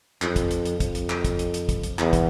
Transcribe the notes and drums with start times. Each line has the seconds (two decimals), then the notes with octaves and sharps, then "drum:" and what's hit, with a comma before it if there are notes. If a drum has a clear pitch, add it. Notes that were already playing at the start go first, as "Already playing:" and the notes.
0.22 F2, drum: clap
0.36 drum: kick, hi-hat
0.51 drum: hi-hat
0.65 drum: hi-hat
0.80 F2, drum: kick, hi-hat
0.95 drum: hi-hat
1.10 drum: clap
1.24 drum: kick, hi-hat
1.39 drum: hi-hat
1.54 drum: hi-hat
1.69 drum: kick, hi-hat
1.83 drum: hi-hat
1.99 E2, drum: clap
2.13 drum: kick, hi-hat